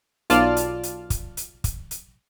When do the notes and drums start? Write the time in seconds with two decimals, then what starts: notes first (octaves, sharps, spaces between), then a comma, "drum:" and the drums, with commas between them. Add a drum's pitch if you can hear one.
0.30 B1 F4 D5 A5 F6, drum: hi-hat
0.57 drum: hi-hat
0.83 drum: hi-hat
1.10 drum: kick, hi-hat
1.37 drum: hi-hat
1.64 drum: kick, hi-hat
1.91 drum: hi-hat